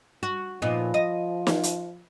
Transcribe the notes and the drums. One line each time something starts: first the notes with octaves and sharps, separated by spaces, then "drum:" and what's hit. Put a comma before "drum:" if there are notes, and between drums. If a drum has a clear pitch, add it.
F#4
A#2 F3 B3 D#4
D#5
drum: snare
drum: hi-hat